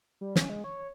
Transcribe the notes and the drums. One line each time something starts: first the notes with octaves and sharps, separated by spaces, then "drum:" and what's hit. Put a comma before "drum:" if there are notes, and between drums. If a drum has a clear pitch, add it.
G3
C#4, drum: snare
G#3
C#5
C#5